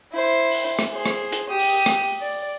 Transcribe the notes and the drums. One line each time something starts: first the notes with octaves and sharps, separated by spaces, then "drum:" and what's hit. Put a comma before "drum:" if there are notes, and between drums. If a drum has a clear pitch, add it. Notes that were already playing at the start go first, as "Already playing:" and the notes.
E4 C5
drum: open hi-hat
drum: rim click
G#4 C5
drum: rim click
drum: hi-hat
G4 D#6
drum: open hi-hat
drum: rim click
D5